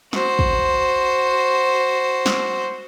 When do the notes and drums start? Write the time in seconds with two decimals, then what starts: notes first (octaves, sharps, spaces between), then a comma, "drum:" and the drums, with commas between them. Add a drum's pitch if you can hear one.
0.13 F#4 C5, drum: snare
0.39 drum: kick
2.26 drum: snare